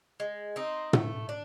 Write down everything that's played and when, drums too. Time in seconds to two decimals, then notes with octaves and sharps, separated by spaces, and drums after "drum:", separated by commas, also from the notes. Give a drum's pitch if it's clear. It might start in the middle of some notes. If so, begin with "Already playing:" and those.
0.20 G#3
0.56 C4 D#4
0.93 A3, drum: tom
1.29 D4